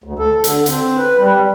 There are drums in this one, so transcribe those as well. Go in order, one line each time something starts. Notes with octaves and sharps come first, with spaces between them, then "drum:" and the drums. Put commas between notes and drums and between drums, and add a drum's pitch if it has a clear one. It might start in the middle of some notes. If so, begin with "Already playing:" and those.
D2
A4
D3, drum: hi-hat
C4, drum: hi-hat
B4
G3